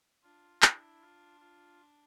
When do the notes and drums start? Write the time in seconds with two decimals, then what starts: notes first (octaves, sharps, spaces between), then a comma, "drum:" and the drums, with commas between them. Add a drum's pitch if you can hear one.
0.23 D4 F4
0.62 D4 E4, drum: clap
1.01 F4
1.40 F4